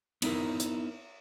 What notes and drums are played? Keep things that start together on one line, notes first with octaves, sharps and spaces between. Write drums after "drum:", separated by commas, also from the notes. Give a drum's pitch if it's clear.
B3 D#4 E4 A#4, drum: cymbal
drum: hi-hat